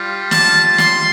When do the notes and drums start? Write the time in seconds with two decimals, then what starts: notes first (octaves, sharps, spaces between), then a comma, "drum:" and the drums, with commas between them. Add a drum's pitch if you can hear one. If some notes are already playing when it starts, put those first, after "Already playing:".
Already playing: G3 F4
0.31 A5, drum: snare
0.78 C6, drum: snare